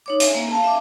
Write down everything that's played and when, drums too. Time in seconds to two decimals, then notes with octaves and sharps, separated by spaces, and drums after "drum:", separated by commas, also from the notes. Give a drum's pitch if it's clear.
0.06 D#4 C#5 D6
0.20 E5 G#5, drum: hi-hat
0.35 A#3
0.51 F5 A5
0.64 E5 D6